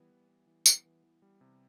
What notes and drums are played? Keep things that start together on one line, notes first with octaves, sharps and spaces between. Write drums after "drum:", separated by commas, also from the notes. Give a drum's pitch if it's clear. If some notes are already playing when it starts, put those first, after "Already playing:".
Already playing: E3 G3 B3
E3
B3
E3
B3, drum: tambourine
E3
E3
G3
C3